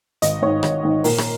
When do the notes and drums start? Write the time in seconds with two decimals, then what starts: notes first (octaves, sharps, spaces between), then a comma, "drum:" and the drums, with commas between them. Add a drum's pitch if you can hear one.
0.22 G#1 D#5, drum: hi-hat
0.42 G#2 D#3 C#5
0.63 G#1, drum: rim click
0.83 G#2 D#3
1.04 A#2 A#4, drum: open hi-hat
1.18 drum: rim click